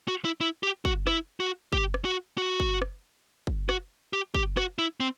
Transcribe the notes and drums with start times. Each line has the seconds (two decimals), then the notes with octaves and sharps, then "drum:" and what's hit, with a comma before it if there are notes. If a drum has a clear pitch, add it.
0.08 F#4
0.25 E4
0.41 E4
0.63 G4
0.85 F#4, drum: kick
1.07 E4, drum: rim click
1.40 F#4
1.73 G4, drum: kick
1.94 drum: rim click
2.05 F#4
2.38 F#4
2.60 drum: kick
2.82 drum: rim click
3.47 drum: kick
3.69 F#4, drum: rim click
4.13 G4
4.34 G4, drum: kick
4.57 F#4, drum: rim click
4.79 E4
5.00 C4